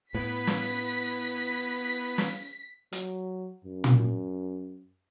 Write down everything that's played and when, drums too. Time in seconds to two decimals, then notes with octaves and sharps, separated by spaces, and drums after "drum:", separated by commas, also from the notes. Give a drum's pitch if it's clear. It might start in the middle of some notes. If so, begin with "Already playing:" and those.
0.14 A2 B3 E4 B6
0.47 drum: snare
2.18 drum: snare
2.92 F#3, drum: hi-hat
3.64 F#2
3.84 drum: tom